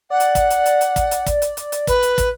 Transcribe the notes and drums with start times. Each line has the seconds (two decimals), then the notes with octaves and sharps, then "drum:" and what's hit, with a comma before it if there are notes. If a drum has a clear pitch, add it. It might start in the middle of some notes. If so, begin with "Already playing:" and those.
0.10 D5 F#5
0.20 drum: hi-hat
0.35 drum: kick, hi-hat
0.50 drum: hi-hat
0.66 drum: hi-hat
0.81 drum: hi-hat
0.96 drum: kick, hi-hat
1.11 drum: hi-hat
1.26 drum: kick, hi-hat
1.42 drum: hi-hat
1.57 drum: hi-hat
1.72 drum: hi-hat
1.87 B4, drum: kick, hi-hat
2.03 drum: hi-hat
2.18 drum: kick, hi-hat